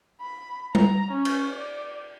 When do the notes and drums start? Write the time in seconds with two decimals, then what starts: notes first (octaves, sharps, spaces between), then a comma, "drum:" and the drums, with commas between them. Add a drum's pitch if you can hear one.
0.21 B5
0.75 A#5, drum: tom G3
1.11 C#4
1.25 drum: cymbal
1.50 D5